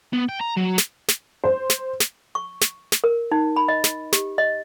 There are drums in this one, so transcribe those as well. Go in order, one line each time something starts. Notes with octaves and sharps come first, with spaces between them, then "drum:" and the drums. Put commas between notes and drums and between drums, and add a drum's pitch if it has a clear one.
B3
G5
A#5
F#3
drum: snare
drum: snare
C5
drum: snare
drum: snare
C#6
drum: snare
drum: snare
A#4
D#4
B5
D#5
drum: snare
G4, drum: snare
D#5